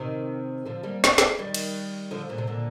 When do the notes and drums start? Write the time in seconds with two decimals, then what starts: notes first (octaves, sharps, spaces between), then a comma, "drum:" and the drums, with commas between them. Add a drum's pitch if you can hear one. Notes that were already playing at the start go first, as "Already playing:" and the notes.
Already playing: C3 D#3
0.65 D3 F3
0.83 G3 A#3
1.04 drum: snare
1.18 drum: snare
1.39 D#3 G3
1.54 drum: cymbal
2.11 D3 F3
2.29 A#2 D3
2.38 C3
2.47 A#2 D3